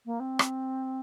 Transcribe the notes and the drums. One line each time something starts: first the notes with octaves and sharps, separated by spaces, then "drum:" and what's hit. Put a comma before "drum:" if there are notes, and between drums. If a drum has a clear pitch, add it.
A#3
C4
drum: rim click